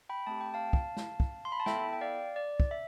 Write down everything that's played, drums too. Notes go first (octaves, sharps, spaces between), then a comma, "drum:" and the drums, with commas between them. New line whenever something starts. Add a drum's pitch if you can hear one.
G5 B5
A3 C4 G4 A5
G5
F5 A5
drum: kick
drum: snare
drum: kick
C6
B5
A5
B3 E4 A4 E5 G5, drum: snare
G5
D5 F5
D5
drum: kick
E5